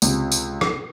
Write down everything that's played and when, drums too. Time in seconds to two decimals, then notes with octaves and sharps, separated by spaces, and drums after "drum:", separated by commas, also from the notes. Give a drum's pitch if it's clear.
0.02 C#2 C3, drum: tambourine
0.32 drum: tambourine
0.61 drum: rim click